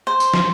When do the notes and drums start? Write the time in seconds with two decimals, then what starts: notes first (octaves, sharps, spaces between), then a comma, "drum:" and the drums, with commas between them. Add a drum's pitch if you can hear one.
0.07 C5
0.20 drum: tambourine
0.34 drum: snare